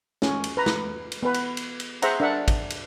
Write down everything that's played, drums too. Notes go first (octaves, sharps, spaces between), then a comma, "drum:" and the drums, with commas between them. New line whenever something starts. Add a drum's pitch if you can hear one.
C#4, drum: snare
drum: cymbal
B4 A#5
drum: snare
drum: cymbal
B3 B4
drum: cymbal
drum: cymbal
drum: cymbal
G#4 C5 E5 F#5 A#5, drum: cymbal
D4 A#4 E5 F#5
drum: kick, cymbal
drum: cymbal